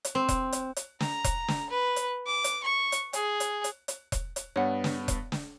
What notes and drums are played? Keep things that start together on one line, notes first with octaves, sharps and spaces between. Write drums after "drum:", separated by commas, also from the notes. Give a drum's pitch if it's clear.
drum: hi-hat
C4
drum: kick E1, hi-hat
drum: hi-hat
drum: hi-hat
A#5, drum: snare
drum: kick E1, hi-hat
drum: snare
B4
drum: hi-hat
D6
drum: hi-hat
C#6
drum: hi-hat
G#4, drum: hi-hat
drum: hi-hat
drum: hi-hat
drum: hi-hat
drum: kick E1, hi-hat
drum: hi-hat
G2 B3 C#5 F#5
drum: snare
drum: kick E1, hi-hat
drum: snare